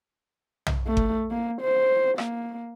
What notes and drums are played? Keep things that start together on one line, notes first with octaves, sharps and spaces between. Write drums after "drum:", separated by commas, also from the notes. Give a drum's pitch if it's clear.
drum: tom B1
A3
drum: kick G1
A#3
C5
A#3, drum: rim click